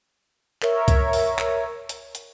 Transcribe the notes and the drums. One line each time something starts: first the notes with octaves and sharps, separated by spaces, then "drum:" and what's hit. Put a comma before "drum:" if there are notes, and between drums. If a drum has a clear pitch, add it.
A#4 C#5 E5, drum: clap
drum: kick C2, hi-hat
drum: open hi-hat
drum: clap
drum: hi-hat
drum: hi-hat